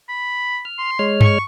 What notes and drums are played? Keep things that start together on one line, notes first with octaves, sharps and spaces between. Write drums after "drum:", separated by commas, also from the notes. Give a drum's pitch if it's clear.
B5
F6
C6
G#3 C#5 F6
C#6, drum: tom G2